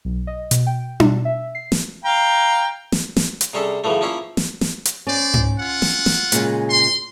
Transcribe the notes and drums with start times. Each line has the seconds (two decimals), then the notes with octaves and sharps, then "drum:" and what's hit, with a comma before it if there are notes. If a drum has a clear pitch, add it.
0.05 B1
0.27 D#5
0.51 B2, drum: hi-hat
0.67 G5
1.00 B2, drum: tom D4
1.25 E5
1.55 C7
1.72 drum: snare
2.05 F5 G5 A#5
2.92 drum: snare
3.17 drum: snare
3.41 drum: hi-hat
3.53 C3 G3 C#4 G#4 A4
3.84 F#2 C#3 E3 F3 A3
4.01 F3 A#3 C#4 E4 F4 C#5
4.37 drum: snare
4.61 drum: snare
4.85 drum: hi-hat
5.07 C#4 C5 D5
5.34 drum: tom G#2
5.59 F4 F#5
5.82 drum: snare
6.06 drum: snare
6.32 A#2 C#3 G#3, drum: hi-hat
6.70 C6